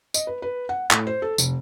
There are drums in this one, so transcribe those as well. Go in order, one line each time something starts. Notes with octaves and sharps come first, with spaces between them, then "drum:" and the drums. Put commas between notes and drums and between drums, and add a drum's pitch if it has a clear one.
D#5, drum: tambourine
B4
B4
F#5
A2, drum: clap
C5
A4
F1, drum: tambourine